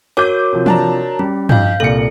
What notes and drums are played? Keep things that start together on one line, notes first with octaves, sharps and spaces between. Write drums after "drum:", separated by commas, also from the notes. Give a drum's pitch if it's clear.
F#4 A#4 C#5 D6 G6
C3 F3
D4 A5 A#5, drum: tom E3
G3 C#4
F2 F5 G6, drum: tom
C2 A#2 A4 C#7 F#7